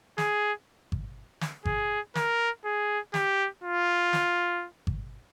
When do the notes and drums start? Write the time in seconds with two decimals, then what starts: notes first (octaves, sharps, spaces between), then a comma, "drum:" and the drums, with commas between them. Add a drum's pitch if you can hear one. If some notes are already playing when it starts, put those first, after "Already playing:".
0.18 G#4, drum: snare
0.92 drum: kick G#1
1.41 drum: snare
1.65 G#4, drum: kick G#1
2.15 A#4, drum: snare
2.65 G#4
3.14 G4, drum: snare
3.64 F4
4.13 drum: snare
4.87 drum: kick G#1